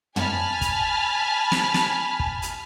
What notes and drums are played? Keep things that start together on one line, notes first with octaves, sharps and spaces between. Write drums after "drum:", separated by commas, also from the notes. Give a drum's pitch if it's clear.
G#5 A5 B5 F6, drum: tom
drum: kick, hi-hat
drum: snare
drum: snare
drum: kick
drum: hi-hat